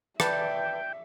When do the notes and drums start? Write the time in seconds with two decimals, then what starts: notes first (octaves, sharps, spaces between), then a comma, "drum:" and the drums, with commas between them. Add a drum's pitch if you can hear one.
0.20 B4 D5 E5 G5 A5, drum: rim click